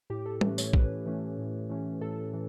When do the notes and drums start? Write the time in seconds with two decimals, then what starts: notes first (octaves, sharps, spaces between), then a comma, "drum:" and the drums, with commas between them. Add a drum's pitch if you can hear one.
0.10 A2 G4
0.26 A4
0.41 E3 A3 C#4 B4, drum: tom
0.58 C#5, drum: tambourine
0.73 A2 B4, drum: kick
1.06 E3 A3 C#4
1.38 A2
1.70 E3 A3 C#4
2.01 A2 A4
2.34 E3